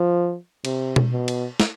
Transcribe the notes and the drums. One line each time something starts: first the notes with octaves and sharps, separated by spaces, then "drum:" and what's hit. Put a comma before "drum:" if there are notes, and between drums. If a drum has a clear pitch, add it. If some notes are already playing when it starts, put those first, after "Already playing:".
Already playing: F3
C3, drum: cymbal
drum: tom B2
B2
drum: cymbal
drum: snare